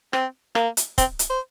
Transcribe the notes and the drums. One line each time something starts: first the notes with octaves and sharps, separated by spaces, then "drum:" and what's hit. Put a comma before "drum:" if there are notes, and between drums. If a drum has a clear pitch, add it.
C4, drum: rim click
A#3, drum: rim click
drum: hi-hat
C4, drum: kick, hi-hat
drum: hi-hat
C5